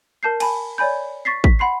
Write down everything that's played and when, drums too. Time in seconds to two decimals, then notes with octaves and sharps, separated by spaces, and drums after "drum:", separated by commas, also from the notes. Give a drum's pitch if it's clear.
0.23 A#4 A5 G6 C7
0.40 G#5 A5 B5, drum: cymbal
0.78 C#5 D5 G#5 B5 G6
1.25 C#6 A6 B6 C7
1.44 B6, drum: kick
1.59 F#5 B5 C6 C7